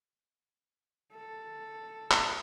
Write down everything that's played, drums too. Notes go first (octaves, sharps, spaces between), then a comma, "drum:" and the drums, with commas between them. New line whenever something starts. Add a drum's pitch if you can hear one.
A4
drum: clap